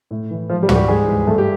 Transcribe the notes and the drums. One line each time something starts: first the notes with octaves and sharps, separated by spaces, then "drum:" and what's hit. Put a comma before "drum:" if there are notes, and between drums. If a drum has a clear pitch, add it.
A2
E3
G#2 F3 F4
G3 G4
E3 F#4, drum: tom
G3 G4
G#2 G#3 G#4
E3
G2 A3 A4
G4